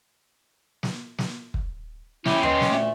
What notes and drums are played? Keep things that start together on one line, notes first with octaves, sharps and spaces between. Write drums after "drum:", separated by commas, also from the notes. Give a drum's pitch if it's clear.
drum: snare
drum: snare
drum: kick
C#4 E4 G4, drum: snare
B4 D#5 C6, drum: tom D#2
drum: snare
D2 A#2 A3